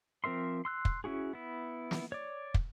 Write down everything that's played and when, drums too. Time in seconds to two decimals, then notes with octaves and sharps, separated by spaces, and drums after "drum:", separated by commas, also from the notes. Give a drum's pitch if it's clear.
0.24 F3 C4 A#4 E5 C6
0.65 C6 E6 F#6
0.85 drum: kick
1.04 C#4 E4 F#4 G#4
1.33 B3 E4
1.91 drum: snare
2.12 C#5 D5
2.54 drum: kick